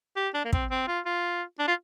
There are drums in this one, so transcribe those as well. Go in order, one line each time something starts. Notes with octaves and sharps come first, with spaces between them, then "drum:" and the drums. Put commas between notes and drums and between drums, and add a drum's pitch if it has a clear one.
G4
D4
A#3
C4, drum: kick
C4
F4
F4
D4
F4